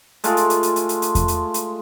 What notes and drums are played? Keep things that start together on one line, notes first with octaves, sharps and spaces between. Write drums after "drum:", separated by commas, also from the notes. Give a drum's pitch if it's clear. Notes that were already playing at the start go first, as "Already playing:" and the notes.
G#3 A3 F4 G#4, drum: hi-hat
drum: hi-hat
drum: hi-hat
drum: hi-hat
drum: hi-hat
drum: hi-hat
drum: hi-hat
drum: kick E2, hi-hat
drum: hi-hat
drum: hi-hat